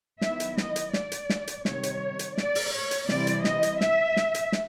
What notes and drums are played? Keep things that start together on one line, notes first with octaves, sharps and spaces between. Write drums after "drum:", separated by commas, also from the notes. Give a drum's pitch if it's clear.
D#3 F#3 B3 E4 E5, drum: snare
drum: hi-hat
D#5, drum: snare
drum: hi-hat
D5, drum: snare
drum: hi-hat
drum: snare
drum: hi-hat
C3 D#3 G3 C#5, drum: snare
drum: hi-hat
drum: hi-hat
D5, drum: snare
drum: open hi-hat
C#5
drum: hi-hat
C3 E3 G3 C4 E4 D5, drum: snare
drum: hi-hat
D#5, drum: snare
drum: hi-hat
E5, drum: snare
drum: snare
drum: hi-hat
drum: snare